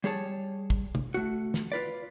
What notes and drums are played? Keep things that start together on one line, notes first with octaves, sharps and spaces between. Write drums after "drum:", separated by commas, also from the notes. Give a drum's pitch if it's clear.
G3 G#4 C#5 A5
drum: kick
drum: tom
A3 F#4
drum: snare
F4 B4 D5